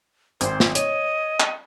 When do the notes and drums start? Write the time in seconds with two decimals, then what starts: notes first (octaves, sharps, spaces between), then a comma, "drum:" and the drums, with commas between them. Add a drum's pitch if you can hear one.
0.41 G#1 C4 C5, drum: hi-hat
0.60 drum: snare
0.75 C#5 D#5, drum: hi-hat
1.40 drum: clap